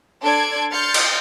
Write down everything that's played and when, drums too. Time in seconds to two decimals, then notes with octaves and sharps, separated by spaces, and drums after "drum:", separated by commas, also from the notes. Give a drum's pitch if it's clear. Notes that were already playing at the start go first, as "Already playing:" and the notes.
0.21 D4 A4 D5 C6 G#6 D7
0.71 C6 F6 G6 A6 C#7
0.94 drum: cymbal